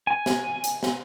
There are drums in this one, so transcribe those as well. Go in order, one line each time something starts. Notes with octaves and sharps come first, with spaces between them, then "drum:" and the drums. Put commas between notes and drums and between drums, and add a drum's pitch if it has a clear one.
G#5
drum: snare
drum: hi-hat
drum: snare